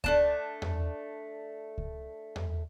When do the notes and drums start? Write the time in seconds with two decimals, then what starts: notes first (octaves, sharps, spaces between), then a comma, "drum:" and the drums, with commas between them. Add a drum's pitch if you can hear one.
0.04 A3 D4 A5, drum: kick C#2
0.62 drum: tom E2
1.78 drum: kick C#2
2.36 drum: tom E2